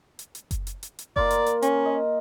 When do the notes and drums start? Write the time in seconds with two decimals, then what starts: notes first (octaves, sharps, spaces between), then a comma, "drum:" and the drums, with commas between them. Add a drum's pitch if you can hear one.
0.19 drum: hi-hat
0.35 drum: hi-hat
0.51 drum: kick F#1, hi-hat
0.67 drum: hi-hat
0.83 drum: hi-hat
0.99 drum: hi-hat
1.16 A#3 F4 A#4 D5, drum: kick F#1
1.30 drum: hi-hat
1.46 drum: hi-hat
1.62 C#4, drum: hi-hat
1.86 D#5